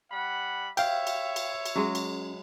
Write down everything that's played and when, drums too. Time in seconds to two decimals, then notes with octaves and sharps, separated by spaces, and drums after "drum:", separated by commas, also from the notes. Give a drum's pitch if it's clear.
0.11 G3 F#5 B5
0.77 C#5 E5 F5 G5, drum: cymbal
1.07 drum: cymbal
1.36 drum: cymbal
1.66 drum: cymbal
1.76 F#3 G#3 C#4
1.95 drum: cymbal